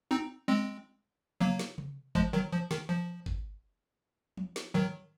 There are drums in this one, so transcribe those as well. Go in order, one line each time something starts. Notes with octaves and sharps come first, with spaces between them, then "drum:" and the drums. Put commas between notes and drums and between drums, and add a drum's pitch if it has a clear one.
C4 D#4
G#3 C4
F#3 A#3, drum: tom C3
drum: snare
drum: tom C3
F3 G#3, drum: kick G1
D#3 F#3
F3
D#3, drum: snare
F3
drum: kick G1
drum: tom
drum: snare
D#3 F#3, drum: tom G#2